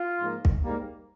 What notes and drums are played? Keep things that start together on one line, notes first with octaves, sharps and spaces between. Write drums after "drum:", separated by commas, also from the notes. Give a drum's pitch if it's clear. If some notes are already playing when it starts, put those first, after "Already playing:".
Already playing: F4
G#2 F3 A#3
drum: kick
G#2 G3 A#3